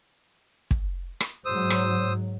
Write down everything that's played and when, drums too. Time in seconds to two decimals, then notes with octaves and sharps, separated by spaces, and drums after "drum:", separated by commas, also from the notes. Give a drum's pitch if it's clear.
0.71 drum: kick
1.20 drum: rim click
1.45 G#2 F#3 C5 D#6 E6
1.70 drum: rim click